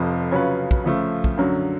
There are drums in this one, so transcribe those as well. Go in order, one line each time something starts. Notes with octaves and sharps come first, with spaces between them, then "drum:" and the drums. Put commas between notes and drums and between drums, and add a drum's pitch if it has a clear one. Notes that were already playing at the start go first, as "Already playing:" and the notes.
Already playing: F1 F2 F3
C#3 F#3 C#4 F4 B4
drum: kick
C#3 F3 A3
drum: kick
F#2 D3 F#3